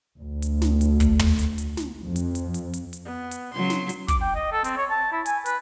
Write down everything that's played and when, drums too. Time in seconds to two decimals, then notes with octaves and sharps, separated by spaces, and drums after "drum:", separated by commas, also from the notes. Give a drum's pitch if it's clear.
0.19 D2
0.42 drum: hi-hat
0.62 drum: snare
0.81 drum: hi-hat
1.00 drum: kick, hi-hat
1.19 drum: tom
1.39 drum: hi-hat
1.58 drum: hi-hat
1.77 drum: snare
2.02 F2
2.16 drum: hi-hat
2.35 drum: hi-hat
2.54 drum: hi-hat
2.74 drum: hi-hat
2.93 drum: hi-hat
3.05 B3
3.31 drum: hi-hat
3.54 C#3 F#3 C6
3.70 drum: snare
3.89 drum: hi-hat
4.08 D6, drum: kick, hi-hat
4.22 G5
4.35 D#5
4.53 A4
4.64 C4, drum: hi-hat
4.77 C#5
4.90 A5
5.12 E4
5.26 G#5, drum: hi-hat
5.46 B4, drum: hi-hat